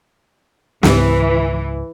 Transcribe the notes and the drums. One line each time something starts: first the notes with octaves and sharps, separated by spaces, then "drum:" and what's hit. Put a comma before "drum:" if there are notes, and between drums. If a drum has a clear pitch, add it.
C#2 G#2 E3, drum: snare